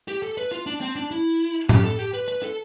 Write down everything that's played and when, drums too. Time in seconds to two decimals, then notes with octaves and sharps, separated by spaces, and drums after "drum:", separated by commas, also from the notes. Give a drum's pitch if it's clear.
0.08 G4
0.22 A4
0.37 B4
0.52 F4
0.66 D4
0.81 C4
0.96 D4
1.11 E4
1.69 G4, drum: tom A2
1.84 A4
1.99 G4
2.14 B4
2.28 B4
2.43 A4